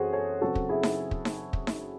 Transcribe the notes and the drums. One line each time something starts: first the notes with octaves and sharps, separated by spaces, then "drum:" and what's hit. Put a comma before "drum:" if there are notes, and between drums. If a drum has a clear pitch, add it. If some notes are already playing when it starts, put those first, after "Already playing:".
Already playing: F#2 E3 C4 C#4 F#4 G#4 A4 C5
A4 C#5
C#3 F#3 C4 F#4 A4
drum: kick
E4 G#4
drum: snare D#4
drum: kick
drum: snare D#4
drum: kick
drum: snare D#4